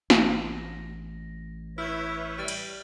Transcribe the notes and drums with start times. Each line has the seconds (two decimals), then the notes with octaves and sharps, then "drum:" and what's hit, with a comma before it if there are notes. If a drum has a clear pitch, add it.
0.10 A1 A#6, drum: snare
1.78 E4 B4 C#5 E5 F6 G6 F#7
2.38 G3 F6 A6
2.48 drum: cymbal